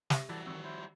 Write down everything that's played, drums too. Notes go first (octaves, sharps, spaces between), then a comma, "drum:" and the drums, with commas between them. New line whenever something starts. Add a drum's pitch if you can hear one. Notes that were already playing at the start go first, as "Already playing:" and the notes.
G4 E5, drum: snare
E3 G3 E4 F#4 A4 D5 A6
D#3 E3 C4 C#6 E6
E4 C5